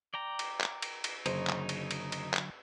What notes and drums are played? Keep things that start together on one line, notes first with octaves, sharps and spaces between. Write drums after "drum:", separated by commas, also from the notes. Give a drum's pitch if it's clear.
D5 G5 A#5
drum: cymbal
drum: clap
drum: cymbal
drum: cymbal
F#1 D3 F#3 D#4 C5 C#5, drum: cymbal
drum: clap
drum: cymbal
drum: cymbal
drum: cymbal
drum: clap